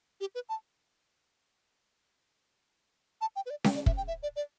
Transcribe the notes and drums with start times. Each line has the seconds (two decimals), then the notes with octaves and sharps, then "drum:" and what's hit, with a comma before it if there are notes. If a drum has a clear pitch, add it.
0.21 G4
0.35 B4
0.49 A5
3.21 A5
3.36 G5
3.46 B4
3.50 D5
3.64 G5, drum: snare C#4
3.75 D5
3.86 E5, drum: kick
3.97 G5
4.08 E5
4.23 D5
4.36 D5